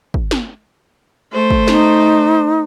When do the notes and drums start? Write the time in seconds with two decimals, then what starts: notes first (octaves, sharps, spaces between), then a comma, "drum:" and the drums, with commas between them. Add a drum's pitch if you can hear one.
0.14 drum: kick
0.31 drum: snare
1.32 A3 C5
1.50 drum: kick
1.67 D#4, drum: snare